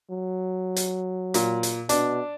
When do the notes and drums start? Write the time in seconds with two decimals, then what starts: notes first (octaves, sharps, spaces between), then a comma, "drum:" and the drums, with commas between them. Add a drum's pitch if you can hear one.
0.11 F#3
0.76 drum: hi-hat
1.34 A#2, drum: hi-hat
1.63 drum: hi-hat
1.89 B2 D4, drum: hi-hat